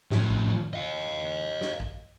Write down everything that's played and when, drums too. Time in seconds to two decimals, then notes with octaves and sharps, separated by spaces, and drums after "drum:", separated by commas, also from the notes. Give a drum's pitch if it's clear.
0.11 A2 F3, drum: snare
0.30 drum: kick
0.73 D#5 F5
1.61 drum: snare
1.80 drum: kick